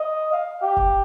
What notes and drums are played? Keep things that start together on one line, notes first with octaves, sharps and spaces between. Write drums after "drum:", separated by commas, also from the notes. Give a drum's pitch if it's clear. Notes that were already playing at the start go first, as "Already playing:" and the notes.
Already playing: D#5
F5
G4
drum: kick F1